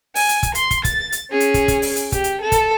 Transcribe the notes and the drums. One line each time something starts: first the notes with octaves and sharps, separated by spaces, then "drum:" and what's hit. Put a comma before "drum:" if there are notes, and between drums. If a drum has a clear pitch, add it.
G#5, drum: open hi-hat
drum: hi-hat
drum: kick, hi-hat
C6, drum: hi-hat
drum: kick, hi-hat
A6, drum: kick, hi-hat
drum: hi-hat
C#4 G#4
drum: hi-hat
drum: kick, hi-hat
drum: kick, hi-hat
drum: open hi-hat
drum: hi-hat
G4, drum: kick, hi-hat
drum: hi-hat
A4
drum: kick, hi-hat